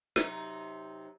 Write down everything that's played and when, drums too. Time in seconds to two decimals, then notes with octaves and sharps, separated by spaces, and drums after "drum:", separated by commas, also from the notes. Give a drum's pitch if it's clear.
0.16 C3 F#3 D#4, drum: snare